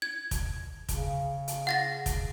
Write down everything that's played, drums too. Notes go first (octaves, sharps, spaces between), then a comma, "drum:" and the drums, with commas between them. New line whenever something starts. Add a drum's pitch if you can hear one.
G#6
drum: kick, hi-hat
C#3, drum: kick, hi-hat
drum: hi-hat
F#5 A6 A#6
drum: kick, hi-hat